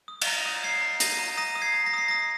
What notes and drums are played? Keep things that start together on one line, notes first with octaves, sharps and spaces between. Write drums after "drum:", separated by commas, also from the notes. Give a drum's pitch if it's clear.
D#6
F7, drum: cymbal
A#5 A#6 D#7
D#6
D#6 G#6 C7
A#5
D#6 A#6 D#7, drum: hi-hat
A#5
D#6 A#6 D#7
D#6
G#6 C7
A#5
A#6
D#6 C7
D#6 A#6